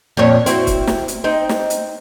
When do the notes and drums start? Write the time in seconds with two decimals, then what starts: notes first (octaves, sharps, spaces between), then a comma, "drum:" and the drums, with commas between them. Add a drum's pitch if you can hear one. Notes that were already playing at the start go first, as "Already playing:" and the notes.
0.17 F2 A#2 C#5
0.46 C4 E4 F#4, drum: hi-hat
0.67 drum: kick, hi-hat
0.87 drum: snare
1.08 drum: hi-hat
1.24 C4 D#4
1.49 drum: snare
1.70 drum: hi-hat